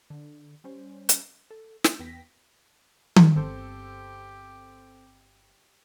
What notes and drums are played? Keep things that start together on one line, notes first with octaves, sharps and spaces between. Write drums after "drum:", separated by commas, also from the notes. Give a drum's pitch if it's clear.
D3
G3 C#4 C5
drum: hi-hat
A4
D4 E4, drum: snare
E2 B3 G5 A#6 B6
drum: tom D#3
G1 C4 G4 A4 C5